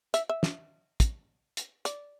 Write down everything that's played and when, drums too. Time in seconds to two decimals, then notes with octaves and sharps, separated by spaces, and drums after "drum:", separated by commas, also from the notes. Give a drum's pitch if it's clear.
0.14 E5, drum: hi-hat
0.29 E5
0.43 drum: snare
1.00 drum: kick, hi-hat
1.57 drum: hi-hat
1.85 D5, drum: hi-hat